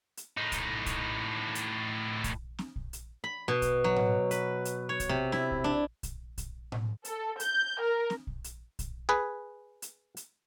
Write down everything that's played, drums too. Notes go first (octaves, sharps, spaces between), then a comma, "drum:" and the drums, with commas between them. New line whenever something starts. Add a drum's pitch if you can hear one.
drum: hi-hat
A2 D#4
drum: kick A#1, hi-hat
drum: kick A#1, hi-hat
drum: hi-hat
drum: kick A#1, hi-hat
drum: snare
drum: kick A#1
drum: hi-hat
B5
B2
drum: kick A#1, hi-hat
F#3
drum: tom A2
B4, drum: hi-hat
drum: hi-hat
C#5
drum: kick A#1, hi-hat
C3
E4, drum: snare
drum: kick A#1
D4
drum: kick A#1, hi-hat
drum: kick A#1, hi-hat
drum: tom A2
A4, drum: hi-hat
G6, drum: hi-hat
A#4
drum: snare
drum: kick A#1
drum: hi-hat
drum: kick A#1, hi-hat
G#4 B4
drum: hi-hat
drum: hi-hat